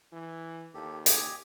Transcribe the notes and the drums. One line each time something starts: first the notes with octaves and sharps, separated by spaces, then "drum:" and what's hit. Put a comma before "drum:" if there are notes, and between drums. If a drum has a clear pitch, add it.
E3
D#2 G4 A4
G4 D#5 G#5, drum: hi-hat